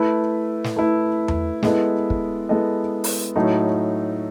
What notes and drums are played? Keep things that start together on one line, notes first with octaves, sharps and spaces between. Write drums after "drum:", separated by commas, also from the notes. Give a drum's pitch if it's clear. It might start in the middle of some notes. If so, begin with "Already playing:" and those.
Already playing: A3 E4 B4
drum: snare
A3 E4 B4
drum: tom E2
G#3 B3 E4 A4 D#5, drum: snare
drum: kick
G#3 B3 E4 A4 D#5
drum: open hi-hat
A2 F#3 A3 D#4